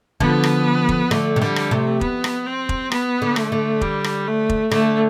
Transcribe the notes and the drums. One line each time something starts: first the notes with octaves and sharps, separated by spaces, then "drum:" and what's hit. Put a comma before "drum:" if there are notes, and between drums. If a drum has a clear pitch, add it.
D3 F3 B3, drum: kick
drum: rim click
drum: kick
D3 A3, drum: rim click
C3
D3 G3
drum: rim click
C3 A3
B3, drum: kick
drum: rim click
C4
drum: kick
B3, drum: rim click
D3
A3, drum: rim click
D3
G3, drum: kick
drum: rim click
A3
drum: kick
D3 A3, drum: rim click